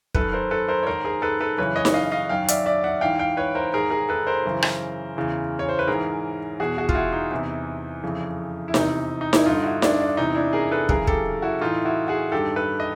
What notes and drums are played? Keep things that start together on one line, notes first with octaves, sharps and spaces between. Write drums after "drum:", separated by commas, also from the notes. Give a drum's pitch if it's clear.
F#2 D#3 A4 B4, drum: kick
A#4 C5
A4 B4
A#4 C5
C#5
G#2 D#3 A#4 C5
G#4 A#4
A4 B4
A4 B4
F#2 C#3 E3 B4 C#5
C#5 D#5
drum: snare D#4
D#5 F5
D#5 F5
F#2 D#3 F5 G5
D5 E5, drum: hi-hat
D5 E5
E5 F#5
G#2 E3 F5 G5
F5 G5
B4 C#5
A#4 C5
G#2 D#3 G#4 A#4
G#4 A#4
A4 B4
A#4 C5
F#2 C#3 E3
drum: rim click
E2 C#3 E3
C#5
C5
B4
G#2 E3 G#4 A#4
E2 B2 F#4 G#4
F#4 G#4
F4, drum: kick
E4 F#4
D#4
E2 C3 E3
F2 C#3 E3
E4
E2 C3 E3 D#4, drum: snare D#4
D#4
E4, drum: snare D#4
G2 D3 D#4 F4
E4 F#4
D4 E4, drum: snare D#4
D4
E2 C3 E3 D#4
D4 E4
G#4 A#4
A4 B4
F#2 C#3 E3 G#4 A#4, drum: kick
G4 A4, drum: kick
E4 F#4
A2 E3 D#4 F4
E4 F#4
F#4 G#4
G2 D#3 G4 A4
A4 B4
D#5